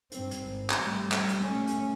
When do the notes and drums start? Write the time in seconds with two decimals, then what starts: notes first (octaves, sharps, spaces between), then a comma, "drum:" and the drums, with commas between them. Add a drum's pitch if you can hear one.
0.12 G2 C4, drum: hi-hat
0.31 drum: hi-hat
0.43 G#1
0.70 drum: clap
0.81 G3 A3
1.12 G3, drum: clap
1.28 drum: hi-hat
1.44 A3 C#4
1.67 drum: hi-hat